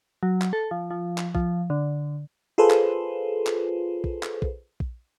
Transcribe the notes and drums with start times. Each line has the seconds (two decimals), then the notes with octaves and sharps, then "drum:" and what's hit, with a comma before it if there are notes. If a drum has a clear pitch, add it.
0.23 F#3
0.42 drum: clap
0.53 A4
0.71 F3
0.91 F3
1.18 drum: clap
1.35 F3, drum: kick A#1
1.70 D3
2.58 F4 G#4 A4 B4 C5
2.70 drum: clap
3.47 drum: clap
4.04 drum: kick A#1
4.23 drum: clap
4.42 drum: kick A#1
4.80 drum: kick A#1